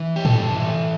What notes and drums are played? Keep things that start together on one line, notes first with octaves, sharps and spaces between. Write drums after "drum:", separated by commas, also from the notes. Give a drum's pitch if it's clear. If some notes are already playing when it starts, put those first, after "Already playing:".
Already playing: E3
G4
G2 A4, drum: tom A2
E3